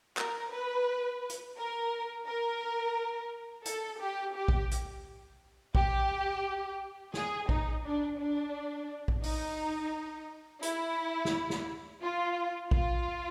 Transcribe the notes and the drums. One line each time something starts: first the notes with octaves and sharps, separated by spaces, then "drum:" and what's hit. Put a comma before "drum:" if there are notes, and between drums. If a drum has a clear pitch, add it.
A#4, drum: clap
B4
drum: hi-hat
A#4
A#4
A4, drum: hi-hat
G4
G4
drum: kick A#1
drum: hi-hat
G4, drum: kick A#1
G#4, drum: snare
D#4, drum: kick A#1
D4
D4
drum: kick A#1
D#4, drum: open hi-hat
E4, drum: hi-hat
drum: snare
drum: snare
F4
F4, drum: kick A#1